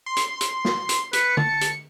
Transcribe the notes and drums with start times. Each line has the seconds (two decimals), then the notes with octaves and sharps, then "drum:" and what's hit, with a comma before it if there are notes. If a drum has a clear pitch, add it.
0.06 C6
0.16 drum: hi-hat
0.41 drum: hi-hat
0.65 drum: snare
0.89 drum: hi-hat
1.13 B4 C#7, drum: hi-hat
1.37 A5, drum: tom
1.61 drum: hi-hat